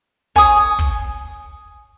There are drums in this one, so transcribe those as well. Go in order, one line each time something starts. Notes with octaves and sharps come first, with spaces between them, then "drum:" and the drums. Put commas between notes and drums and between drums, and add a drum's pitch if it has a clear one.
C#5 G#5 D#6, drum: kick
drum: kick